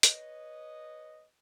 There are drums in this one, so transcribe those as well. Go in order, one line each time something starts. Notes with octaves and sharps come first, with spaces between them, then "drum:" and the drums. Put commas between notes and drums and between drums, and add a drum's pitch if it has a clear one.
B4 C#5 D#5, drum: hi-hat